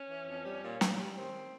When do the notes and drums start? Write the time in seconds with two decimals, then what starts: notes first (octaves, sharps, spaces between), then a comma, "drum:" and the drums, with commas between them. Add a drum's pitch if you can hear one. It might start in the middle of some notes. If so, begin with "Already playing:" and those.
Already playing: C#4
0.09 E3
0.26 F2
0.44 G3
0.62 A#2
0.81 A#2, drum: snare
0.98 G3
1.17 D#3 C4